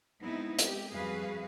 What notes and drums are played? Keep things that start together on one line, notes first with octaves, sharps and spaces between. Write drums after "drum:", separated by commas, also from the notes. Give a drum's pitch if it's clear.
G#3 B3 C4 D#4 E4
G#3 G4, drum: hi-hat
F2 G3 F#4 G#4 B4 F5